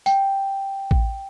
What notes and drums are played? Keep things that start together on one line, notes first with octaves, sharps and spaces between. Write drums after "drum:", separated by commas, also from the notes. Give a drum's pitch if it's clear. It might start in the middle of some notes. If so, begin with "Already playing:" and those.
G5, drum: hi-hat
drum: kick A1